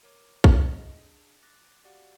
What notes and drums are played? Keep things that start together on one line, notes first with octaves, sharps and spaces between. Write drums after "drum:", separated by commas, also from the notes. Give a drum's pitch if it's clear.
A#4 C#5 D6
D#4 E4 G#4 A4 D#5 E5, drum: kick
G#4 D#5
D4 G#4
D6 F#6 A6 A#6
F#4 G4 D5 F5 F#5